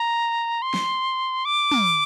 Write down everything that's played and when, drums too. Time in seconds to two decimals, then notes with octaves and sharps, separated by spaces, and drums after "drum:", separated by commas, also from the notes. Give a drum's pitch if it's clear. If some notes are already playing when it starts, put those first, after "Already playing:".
Already playing: A#5
0.62 C6
0.74 drum: snare
1.45 D6
1.72 drum: tom